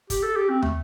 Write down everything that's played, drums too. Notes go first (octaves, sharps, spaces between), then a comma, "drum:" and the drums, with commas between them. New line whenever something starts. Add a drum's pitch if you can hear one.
G4, drum: kick, hi-hat
A4
G4
C4
A3, drum: tom